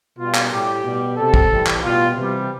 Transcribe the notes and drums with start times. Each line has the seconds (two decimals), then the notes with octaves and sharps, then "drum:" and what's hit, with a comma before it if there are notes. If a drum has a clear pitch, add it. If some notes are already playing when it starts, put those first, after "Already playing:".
0.18 B2 G3 F4
0.35 drum: clap
0.51 A2 G3 G4
0.84 B2 G3
1.17 C3 G3 A4
1.34 drum: kick
1.50 A2 E3 G3
1.67 drum: clap
1.83 B2 G3 F4
2.16 C3 E3 G3